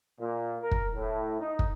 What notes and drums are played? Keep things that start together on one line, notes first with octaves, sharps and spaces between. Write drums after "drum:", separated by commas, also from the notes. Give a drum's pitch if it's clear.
A#2
A#4
drum: kick
A2
D#4
drum: kick